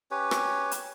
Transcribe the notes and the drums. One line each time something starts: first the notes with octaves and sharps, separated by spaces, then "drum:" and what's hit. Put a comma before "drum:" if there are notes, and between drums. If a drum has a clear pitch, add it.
C#4 G4 B4 C#5
drum: rim click
drum: hi-hat